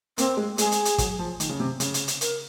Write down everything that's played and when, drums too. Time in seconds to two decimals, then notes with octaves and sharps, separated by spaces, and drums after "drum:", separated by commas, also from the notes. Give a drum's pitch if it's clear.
0.18 A#3 C4, drum: hi-hat
0.37 G#3
0.58 G#3 G#4, drum: hi-hat
0.72 drum: hi-hat
0.85 drum: hi-hat
0.98 F#3, drum: kick, hi-hat
1.19 F3
1.40 D#3, drum: hi-hat
1.49 C#3
1.60 C3
1.80 C#3, drum: hi-hat
1.94 drum: hi-hat
2.08 drum: hi-hat
2.21 A#4, drum: hi-hat